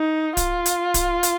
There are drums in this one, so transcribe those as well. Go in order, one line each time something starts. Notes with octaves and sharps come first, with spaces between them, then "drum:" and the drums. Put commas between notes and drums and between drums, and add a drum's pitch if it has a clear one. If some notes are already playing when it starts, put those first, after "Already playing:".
Already playing: D#4
F4, drum: kick D1, hi-hat
drum: hi-hat
drum: kick D1, hi-hat
drum: hi-hat